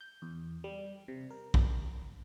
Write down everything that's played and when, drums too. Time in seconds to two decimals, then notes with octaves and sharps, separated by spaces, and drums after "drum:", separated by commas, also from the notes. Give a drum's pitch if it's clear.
0.01 G6
0.22 E2
0.64 G3
1.08 C3
1.30 A#4
1.54 drum: kick